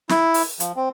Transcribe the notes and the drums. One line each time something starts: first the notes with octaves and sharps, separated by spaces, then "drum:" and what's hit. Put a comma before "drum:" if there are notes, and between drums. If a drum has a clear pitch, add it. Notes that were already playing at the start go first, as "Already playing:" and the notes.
E4, drum: snare
drum: open hi-hat
F3, drum: hi-hat
C4